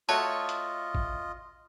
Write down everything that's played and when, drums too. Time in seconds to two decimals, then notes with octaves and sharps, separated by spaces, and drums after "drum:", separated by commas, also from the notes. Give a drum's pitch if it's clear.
0.09 A3 F4 F#4 C#5 D#5 A5
0.49 drum: hi-hat
0.95 drum: kick G#1